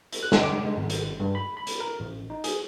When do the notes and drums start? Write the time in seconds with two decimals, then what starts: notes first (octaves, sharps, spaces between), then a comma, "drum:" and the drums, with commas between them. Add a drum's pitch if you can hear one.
0.13 drum: hi-hat
0.23 F#6
0.32 drum: snare
0.43 D6
0.65 G#3
0.77 G#1
0.90 drum: hi-hat
1.20 G2
1.35 B5
1.57 B5
1.67 drum: hi-hat
1.80 A#4
2.00 A1
2.30 D#4
2.44 G#4, drum: hi-hat